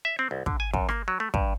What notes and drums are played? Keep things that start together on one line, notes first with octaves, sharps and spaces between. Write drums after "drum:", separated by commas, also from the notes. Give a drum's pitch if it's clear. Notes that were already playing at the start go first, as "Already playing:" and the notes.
E5
C4
C2
D3, drum: kick
G#5
F#2, drum: kick
A#3, drum: rim click
F#3
A3
G2, drum: kick